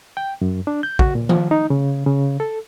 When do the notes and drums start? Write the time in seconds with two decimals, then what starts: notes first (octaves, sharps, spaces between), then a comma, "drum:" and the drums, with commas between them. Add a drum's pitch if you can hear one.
0.17 G5
0.41 F#2
0.67 D4
0.83 G6
0.99 F#4, drum: kick
1.15 A#2
1.29 F3, drum: tom D#3
1.51 D#4
1.70 C#3
2.07 C#3
2.40 A4